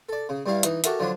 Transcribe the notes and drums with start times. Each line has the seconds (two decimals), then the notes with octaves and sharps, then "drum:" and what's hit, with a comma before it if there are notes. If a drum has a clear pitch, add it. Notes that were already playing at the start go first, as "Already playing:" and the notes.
0.09 A4 D5
0.29 C#3
0.46 G2 G3 E4 F5
0.63 E3 D#4, drum: hi-hat
0.84 F#4 G4 A4 A#4 E5 F#5, drum: hi-hat
0.99 D3 F3 F#3 D4